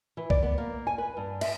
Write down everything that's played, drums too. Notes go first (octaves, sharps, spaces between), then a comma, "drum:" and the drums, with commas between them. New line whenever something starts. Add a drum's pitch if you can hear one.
E3
D5, drum: kick B1
B3
A#3
G#5
B4
G2
E5, drum: cymbal